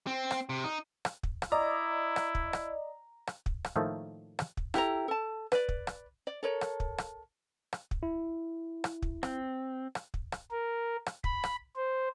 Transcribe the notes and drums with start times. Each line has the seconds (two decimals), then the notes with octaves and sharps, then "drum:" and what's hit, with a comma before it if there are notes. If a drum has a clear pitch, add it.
0.07 C4
0.31 drum: rim click
0.49 C3
0.64 D#4
1.05 drum: rim click
1.23 drum: kick
1.42 drum: rim click
1.52 E4 D5 D#5 A#5
2.16 drum: rim click
2.35 drum: kick
2.53 drum: rim click
3.27 drum: rim click
3.46 drum: kick
3.65 drum: rim click
3.76 A2 D#3 F3 A3 A#3
4.39 drum: rim click
4.57 drum: kick
4.74 E4 G4 A4 A#5, drum: rim click
5.08 A4 A5
5.52 B4 D5, drum: rim click
5.69 drum: kick
5.87 drum: rim click
6.27 D5
6.43 A4 A#4 C#5
6.61 drum: rim click
6.80 drum: kick
6.98 drum: rim click
7.73 drum: rim click
7.91 drum: kick
8.03 E4
8.84 drum: rim click
9.02 drum: kick
9.23 C4, drum: rim click
9.95 drum: rim click
10.14 drum: kick
10.32 drum: rim click
10.51 A#4
11.06 drum: rim click
11.24 B5, drum: kick
11.44 drum: rim click
11.76 C5